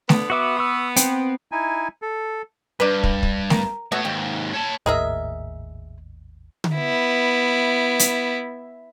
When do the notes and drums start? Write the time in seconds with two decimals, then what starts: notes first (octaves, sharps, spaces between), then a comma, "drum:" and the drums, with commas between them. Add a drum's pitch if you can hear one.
0.09 D3 B3, drum: snare A3
0.30 B3 F#4 E5 D6
0.59 C#6 E6
0.96 C4 G5, drum: hi-hat
1.52 D#4 E4 G#5
2.02 A4
2.80 G2 D4 B4
3.03 drum: kick
3.23 drum: kick
3.50 A#4, drum: snare A3
3.92 A3 B3 F#4 C#5 E5
4.05 D#2 G#2 G4
4.54 C#5 A5
4.86 G#1 D#2 A2 G#4 A#4 D#5 E5
6.64 drum: tom D3
6.75 B3 E4
7.99 drum: hi-hat